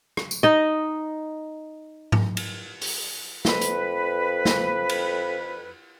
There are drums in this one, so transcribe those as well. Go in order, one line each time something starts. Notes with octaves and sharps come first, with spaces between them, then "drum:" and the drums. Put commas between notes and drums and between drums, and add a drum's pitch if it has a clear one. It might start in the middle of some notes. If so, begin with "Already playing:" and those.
drum: rim click
drum: tambourine
D#4 D#5
drum: tom G#2
drum: cymbal
drum: open hi-hat
F2 B4, drum: snare
drum: hi-hat
drum: snare
drum: cymbal